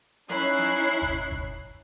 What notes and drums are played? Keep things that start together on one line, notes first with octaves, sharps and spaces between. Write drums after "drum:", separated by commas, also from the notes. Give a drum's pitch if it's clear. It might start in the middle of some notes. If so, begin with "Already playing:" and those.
C#4 D#4 E4 F#6 C7, drum: snare
drum: snare
drum: kick
drum: kick